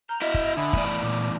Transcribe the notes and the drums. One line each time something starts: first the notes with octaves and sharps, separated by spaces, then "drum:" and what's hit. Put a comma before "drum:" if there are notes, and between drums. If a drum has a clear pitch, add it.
A#5 F6 G6
E4 F#4 D#5 E5
drum: kick
D3 E5 G#5 B5 D#6
E2 A2 D5, drum: kick
A#2 D6